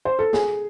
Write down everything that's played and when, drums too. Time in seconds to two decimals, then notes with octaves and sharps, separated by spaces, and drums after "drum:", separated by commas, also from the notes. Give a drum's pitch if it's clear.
0.05 C5
0.19 A4
0.33 G#4, drum: snare